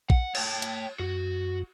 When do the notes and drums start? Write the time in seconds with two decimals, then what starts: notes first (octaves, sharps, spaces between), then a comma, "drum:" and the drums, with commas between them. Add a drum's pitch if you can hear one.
0.10 F#5, drum: kick A#1
0.35 C#5 G5 A5, drum: cymbal
0.62 drum: hi-hat
1.00 F#2 F#4